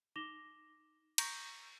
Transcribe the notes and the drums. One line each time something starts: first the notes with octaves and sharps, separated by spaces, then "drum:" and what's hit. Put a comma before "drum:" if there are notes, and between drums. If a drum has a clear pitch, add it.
D#4 D6 A#6 E7 F7 G7
A#5 C#6 G6 A#6, drum: cymbal